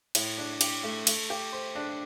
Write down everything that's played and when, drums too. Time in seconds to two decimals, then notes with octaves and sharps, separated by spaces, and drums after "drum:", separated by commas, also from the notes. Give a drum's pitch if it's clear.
0.15 A2, drum: cymbal
0.38 D4
0.61 G4, drum: cymbal
0.83 A3
1.07 A3, drum: cymbal
1.30 G4
1.53 C5
1.75 D4